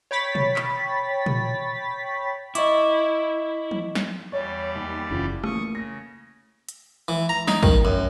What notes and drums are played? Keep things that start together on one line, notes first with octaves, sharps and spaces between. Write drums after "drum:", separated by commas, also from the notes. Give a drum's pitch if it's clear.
C#5 G5 B5 A6 B6
drum: tom B2
drum: clap
drum: tom A#2
E4 D#5 C#6 D6, drum: hi-hat
drum: tom E3
drum: snare
E2 G3 C#5 D5
D#2
F#1 C#3 E3 F4
A3 A#3 C#6 D#6, drum: rim click
C#3 A#6
drum: hi-hat
E3
A#5
D#4, drum: snare
D#3, drum: kick
F#2